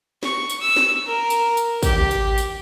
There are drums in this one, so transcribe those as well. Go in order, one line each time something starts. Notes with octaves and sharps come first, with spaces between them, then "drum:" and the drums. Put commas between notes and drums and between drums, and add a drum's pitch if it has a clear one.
C#6, drum: snare
drum: tambourine
E6
drum: snare
A#4
drum: tambourine
drum: tambourine
G4, drum: kick, tambourine
drum: tambourine
drum: tambourine